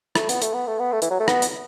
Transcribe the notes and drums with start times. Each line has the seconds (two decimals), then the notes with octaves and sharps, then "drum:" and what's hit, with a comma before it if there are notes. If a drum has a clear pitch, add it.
0.15 A3, drum: rim click
0.29 B3, drum: hi-hat
0.42 A3, drum: hi-hat
0.54 B3
0.67 A3
0.79 B3
0.93 A3
1.02 E3, drum: hi-hat
1.10 F#3
1.20 A3
1.28 B3, drum: rim click
1.42 drum: hi-hat